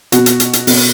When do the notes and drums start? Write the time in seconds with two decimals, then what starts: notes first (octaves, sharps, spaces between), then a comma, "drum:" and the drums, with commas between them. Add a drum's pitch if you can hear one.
0.12 B2 F#4, drum: hi-hat
0.26 drum: hi-hat
0.40 drum: hi-hat
0.53 drum: hi-hat
0.67 B2, drum: open hi-hat